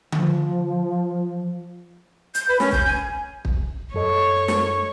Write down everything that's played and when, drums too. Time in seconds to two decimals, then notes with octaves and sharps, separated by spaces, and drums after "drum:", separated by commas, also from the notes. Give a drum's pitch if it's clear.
0.12 F3, drum: tom D3
2.35 G6, drum: hi-hat
2.48 B4
2.60 C#4, drum: snare
2.72 G6, drum: kick
2.87 G#5
3.45 drum: kick
3.94 F#2 A4 C#5 D#5
4.48 drum: snare